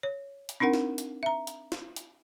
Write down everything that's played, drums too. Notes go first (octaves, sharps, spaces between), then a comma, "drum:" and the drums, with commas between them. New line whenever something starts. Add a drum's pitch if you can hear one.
C#5
drum: hi-hat
C4 D4 D#4 A#4 F#5
drum: snare
drum: hi-hat
E5 A#5
drum: hi-hat
drum: snare
drum: hi-hat